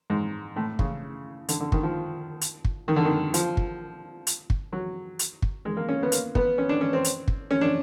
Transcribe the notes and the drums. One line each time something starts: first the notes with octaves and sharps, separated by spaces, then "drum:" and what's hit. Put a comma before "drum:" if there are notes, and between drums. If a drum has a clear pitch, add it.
G#2
A2
C#3, drum: kick
D3, drum: hi-hat
D3
D#3, drum: kick
F3
drum: hi-hat
drum: kick
D#3
D3
D#3
F3, drum: hi-hat
drum: kick
drum: hi-hat
drum: kick
F#3
drum: hi-hat
drum: kick
G#3
A#3
C#4
B3
A#3, drum: hi-hat
B3, drum: kick
C#4
D4
C#4
C4
drum: hi-hat
drum: kick
C#4
D4